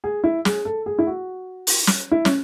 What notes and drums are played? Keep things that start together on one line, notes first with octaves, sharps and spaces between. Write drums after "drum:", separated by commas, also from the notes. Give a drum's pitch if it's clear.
G#4
E4
G#4, drum: snare
A4
G#4
E4
F#4
drum: open hi-hat
drum: snare
E4
C#4, drum: snare